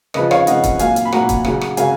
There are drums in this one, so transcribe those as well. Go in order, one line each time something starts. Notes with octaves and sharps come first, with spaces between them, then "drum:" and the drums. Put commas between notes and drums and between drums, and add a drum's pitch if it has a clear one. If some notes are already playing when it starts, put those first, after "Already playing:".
C#3 F3 B4 D#5, drum: rim click
C#5 F5, drum: rim click
C#3 F3 D#5 F#5, drum: hi-hat
drum: kick, hi-hat
A#2 F#3 F5 G#5, drum: hi-hat
drum: hi-hat
B5
A#2 F#3 F#5 A#5, drum: rim click
drum: kick, hi-hat
C#3 F#3, drum: rim click
drum: rim click
C#3 F#3 F5 G#5, drum: hi-hat